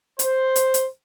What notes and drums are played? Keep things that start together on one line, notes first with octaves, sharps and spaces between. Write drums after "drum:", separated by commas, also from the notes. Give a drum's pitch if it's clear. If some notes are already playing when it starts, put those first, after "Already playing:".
C5, drum: hi-hat
drum: hi-hat
drum: hi-hat